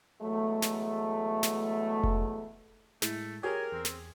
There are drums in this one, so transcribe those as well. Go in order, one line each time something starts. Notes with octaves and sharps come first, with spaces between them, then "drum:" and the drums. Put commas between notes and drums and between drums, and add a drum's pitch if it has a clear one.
E2 F#3 G#3 A3
drum: snare
drum: snare
drum: kick F1
A2 G#3 A3 E4, drum: snare
G4 G#4 A#4 C#5 G#5
E2 C4
drum: snare